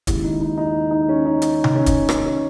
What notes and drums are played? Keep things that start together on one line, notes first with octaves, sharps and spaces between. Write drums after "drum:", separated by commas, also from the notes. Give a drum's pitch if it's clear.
D#2 C#3 G#3 E4, drum: kick, hi-hat
D#4
D#4
D#4
D#4
C#4
D#4
drum: hi-hat
drum: tom C3
C#4
drum: kick, hi-hat
drum: rim click
C#4